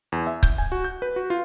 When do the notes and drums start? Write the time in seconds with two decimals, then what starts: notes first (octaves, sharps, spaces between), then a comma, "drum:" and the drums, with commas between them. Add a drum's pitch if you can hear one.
0.12 E2
0.27 E5
0.43 G6, drum: kick C#1
0.58 G#5
0.72 F#4
0.84 G6
1.02 B4
1.16 F#4
1.30 F4